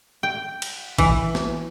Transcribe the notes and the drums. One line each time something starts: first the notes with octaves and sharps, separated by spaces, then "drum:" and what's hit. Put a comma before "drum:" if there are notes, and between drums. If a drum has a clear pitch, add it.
G5
drum: cymbal
E3, drum: kick A1, cymbal
drum: snare